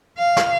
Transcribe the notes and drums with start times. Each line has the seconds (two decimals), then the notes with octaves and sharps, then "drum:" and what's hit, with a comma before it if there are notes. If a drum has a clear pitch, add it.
0.18 F5
0.36 drum: snare